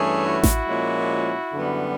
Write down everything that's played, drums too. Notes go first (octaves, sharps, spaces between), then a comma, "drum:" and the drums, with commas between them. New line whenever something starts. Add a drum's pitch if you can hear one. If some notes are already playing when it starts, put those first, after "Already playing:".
Already playing: G2 E3 A3 C#4 G#4
E4 F#4
drum: snare A1
A#2 F3 G#3 C#4
F#2 D3 G3 B3